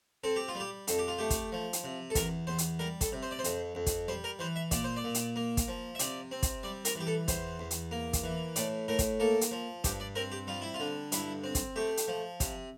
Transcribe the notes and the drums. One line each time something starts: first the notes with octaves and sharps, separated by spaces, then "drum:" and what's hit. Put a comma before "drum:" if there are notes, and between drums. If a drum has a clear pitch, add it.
C4 A4
G4
F4
G3
G4
F2 A4, drum: hi-hat
G4
F4
A3 G4
drum: kick, hi-hat
F3
drum: hi-hat
C3
A4
E2 A#4, drum: kick, hi-hat
E2 C5
drum: hi-hat
G3 A#4
A4, drum: kick, hi-hat
C3
C5
D5
C5
F2, drum: hi-hat
F2
drum: kick, hi-hat
G3 C5
A#4
E3 C5
E5
A#2 D5, drum: kick, hi-hat
C5
D5
A#2
drum: hi-hat
A#3
drum: kick, hi-hat
F3
E5
C3 D5, drum: hi-hat
C4
drum: kick, hi-hat
G3 D5
A#4, drum: hi-hat
E3 G4
A4
E2 C5, drum: kick, hi-hat
E2
drum: hi-hat
A#3
drum: kick, hi-hat
E3
A2 D5, drum: hi-hat
A2 A#4
drum: kick, hi-hat
A#3 A4
drum: hi-hat
F3
G2 G4, drum: kick, hi-hat
D5
C4 A#4
G4
G3 F4
E4
F4
D3
G2 E4, drum: hi-hat
C4
drum: kick, hi-hat
A3 G4
drum: hi-hat
F3
C3, drum: kick, hi-hat